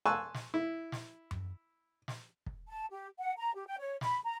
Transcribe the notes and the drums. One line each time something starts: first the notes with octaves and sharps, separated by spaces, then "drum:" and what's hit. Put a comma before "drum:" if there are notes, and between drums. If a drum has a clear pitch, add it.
G#5 A5 C6 C#6 E6 F#6
drum: snare
E4
drum: snare
drum: tom F#2
drum: snare
drum: kick
A5
G4
F#5
A#5
G4
G5
C#5
B5, drum: snare
A#5